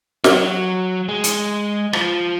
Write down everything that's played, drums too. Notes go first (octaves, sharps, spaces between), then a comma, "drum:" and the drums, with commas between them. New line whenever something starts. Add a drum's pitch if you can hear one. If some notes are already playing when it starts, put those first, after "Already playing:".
F#3, drum: snare
G#3
drum: hi-hat
F3, drum: rim click